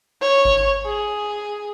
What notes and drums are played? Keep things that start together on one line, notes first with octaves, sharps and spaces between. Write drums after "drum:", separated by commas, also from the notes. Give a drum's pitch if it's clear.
C#5
drum: kick G#1
G#4